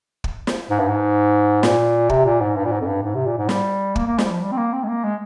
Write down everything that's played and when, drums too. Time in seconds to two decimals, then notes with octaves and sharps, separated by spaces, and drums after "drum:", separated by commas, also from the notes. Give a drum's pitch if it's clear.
0.24 drum: kick
0.47 drum: snare
0.71 G#2
0.79 G2
0.88 G#2
1.63 A#2, drum: snare
2.09 C3, drum: kick
2.25 A#2
2.41 G#2
2.56 G2
2.65 A#2
2.72 G#2
2.81 F2
2.87 G2
3.03 G#2
3.14 C3
3.26 A#2
3.38 G#2
3.49 G3, drum: snare
3.96 A#3, drum: kick
4.07 A#3
4.18 G#3, drum: snare
4.25 G3
4.31 F3
4.42 G3
4.51 C4
4.57 A#3
4.73 C4
4.83 G#3
4.88 A#3
5.04 G#3